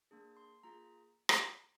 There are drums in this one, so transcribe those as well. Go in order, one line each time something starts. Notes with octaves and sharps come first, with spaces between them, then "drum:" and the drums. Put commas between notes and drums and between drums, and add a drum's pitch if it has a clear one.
A#3 D4 G#4
C6
A#3 F4 G#4 A#5
drum: rim click